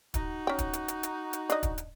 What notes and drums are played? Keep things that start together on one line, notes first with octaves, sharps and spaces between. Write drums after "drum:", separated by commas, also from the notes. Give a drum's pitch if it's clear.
D#4 F#4, drum: kick, hi-hat
C#4 G5
drum: kick, hi-hat
drum: hi-hat
drum: hi-hat
drum: hi-hat
drum: hi-hat
D4 D#5, drum: hi-hat
drum: kick, hi-hat
drum: hi-hat